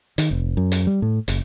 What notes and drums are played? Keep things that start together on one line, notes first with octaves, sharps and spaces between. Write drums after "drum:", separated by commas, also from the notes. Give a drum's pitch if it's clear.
D#3, drum: hi-hat
F1
F#2
drum: hi-hat
G3
A2
F#1, drum: hi-hat